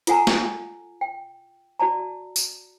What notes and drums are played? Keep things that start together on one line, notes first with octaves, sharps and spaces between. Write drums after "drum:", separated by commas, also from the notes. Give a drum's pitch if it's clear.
F4 A4 F#5 G#5 A#5, drum: hi-hat
drum: snare
G5
F#4 D5 A5 A#5
drum: tambourine